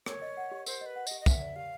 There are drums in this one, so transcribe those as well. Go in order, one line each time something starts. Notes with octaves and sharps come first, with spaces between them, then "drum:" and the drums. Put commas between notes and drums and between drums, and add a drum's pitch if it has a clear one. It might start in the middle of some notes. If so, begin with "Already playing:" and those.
A#4 C#5, drum: rim click
D#5
F#5
G4
A#4 C5, drum: tambourine
B4 D#5
F#5
G4 D#5, drum: tambourine
D#5
A#4 E5, drum: kick, tambourine
D5
G4 F5